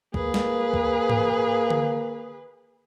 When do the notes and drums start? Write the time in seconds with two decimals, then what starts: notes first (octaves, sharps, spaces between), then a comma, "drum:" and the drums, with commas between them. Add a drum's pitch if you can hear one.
0.14 A#3 G#4 B4, drum: kick
0.34 drum: snare
0.74 drum: kick
1.09 drum: tom G#2
1.70 drum: tom D3